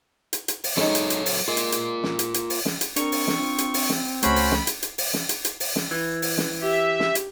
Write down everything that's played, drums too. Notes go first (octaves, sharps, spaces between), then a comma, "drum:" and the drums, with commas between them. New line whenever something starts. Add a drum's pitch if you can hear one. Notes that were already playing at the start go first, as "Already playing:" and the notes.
drum: hi-hat
drum: hi-hat
drum: open hi-hat
F#3 G#3 C#4 D#4 A4 C#5, drum: snare
drum: hi-hat
drum: hi-hat
drum: open hi-hat
G#3 F4 A#4
drum: hi-hat
drum: hi-hat
drum: snare
drum: hi-hat
drum: hi-hat
drum: open hi-hat
drum: snare
drum: hi-hat
C4 D4 A#4 C#6, drum: hi-hat
drum: open hi-hat
drum: snare
F4
drum: hi-hat
drum: open hi-hat
drum: snare
C#2 A3 C#4 F#4 C5 G5 B5, drum: hi-hat
drum: open hi-hat
drum: snare
drum: hi-hat
drum: hi-hat
drum: open hi-hat
drum: snare
drum: hi-hat
drum: hi-hat
drum: open hi-hat
drum: snare
E3
drum: open hi-hat
drum: snare
G4 E5
drum: snare
drum: hi-hat